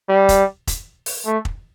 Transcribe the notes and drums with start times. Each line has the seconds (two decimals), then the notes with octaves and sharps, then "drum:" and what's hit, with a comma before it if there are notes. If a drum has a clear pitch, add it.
0.09 G3
0.29 drum: kick, hi-hat
0.67 drum: kick, hi-hat
1.06 drum: open hi-hat
1.26 A3
1.45 drum: kick